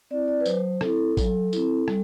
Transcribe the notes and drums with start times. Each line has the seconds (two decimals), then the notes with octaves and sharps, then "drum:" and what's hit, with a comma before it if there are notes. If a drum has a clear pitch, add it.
0.11 C4 E4 D5
0.28 D5
0.41 B4
0.46 F#3 C5, drum: tambourine
0.81 C4 E4 A4, drum: rim click
1.17 F#3, drum: kick A1, tambourine
1.53 C4 E4, drum: tambourine
1.88 G3, drum: rim click